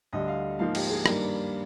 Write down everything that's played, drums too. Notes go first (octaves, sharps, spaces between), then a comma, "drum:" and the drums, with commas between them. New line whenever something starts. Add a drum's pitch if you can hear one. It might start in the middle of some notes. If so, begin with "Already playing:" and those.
D2 D3 G3 D#5
F5
G#2 F3 A#3 D#4 F5
G4, drum: cymbal
G#4
G2 D#3 G3 A#3 D4 A#4, drum: rim click